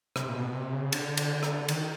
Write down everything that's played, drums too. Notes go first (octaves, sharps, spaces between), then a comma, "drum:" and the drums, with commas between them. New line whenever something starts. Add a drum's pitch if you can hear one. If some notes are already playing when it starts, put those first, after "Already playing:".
C3, drum: rim click
A#2
B2
C3
C#3
D3, drum: cymbal
drum: cymbal
drum: rim click
D#3, drum: cymbal